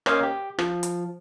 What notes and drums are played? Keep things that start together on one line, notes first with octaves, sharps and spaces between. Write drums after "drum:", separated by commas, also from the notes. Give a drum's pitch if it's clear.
A#3 C#4 C5 D#5 F5 G#5, drum: rim click
G4
F3, drum: rim click
drum: hi-hat